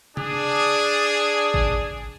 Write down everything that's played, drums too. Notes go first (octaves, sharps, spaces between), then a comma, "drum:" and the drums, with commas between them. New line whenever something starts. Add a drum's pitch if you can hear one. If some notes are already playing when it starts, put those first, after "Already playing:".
D4 G#4, drum: tom
drum: kick